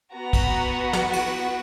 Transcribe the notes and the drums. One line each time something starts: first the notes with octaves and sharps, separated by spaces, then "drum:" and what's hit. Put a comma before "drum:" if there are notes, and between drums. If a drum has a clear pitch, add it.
B3 F#4 A#5
drum: kick, cymbal
drum: snare
drum: cymbal